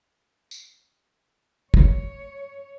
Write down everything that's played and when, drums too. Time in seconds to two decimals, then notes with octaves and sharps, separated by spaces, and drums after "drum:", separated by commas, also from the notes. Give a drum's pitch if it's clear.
0.51 drum: tambourine
1.74 C#5, drum: kick